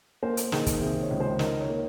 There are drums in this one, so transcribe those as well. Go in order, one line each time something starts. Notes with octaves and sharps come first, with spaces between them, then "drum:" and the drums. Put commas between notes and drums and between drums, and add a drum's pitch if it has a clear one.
A#3 C5
drum: hi-hat
D#3 G#4, drum: snare
drum: kick, hi-hat
C3 G#4
C#5
C#2
C5
D#4 A#4, drum: snare
C#5
A#3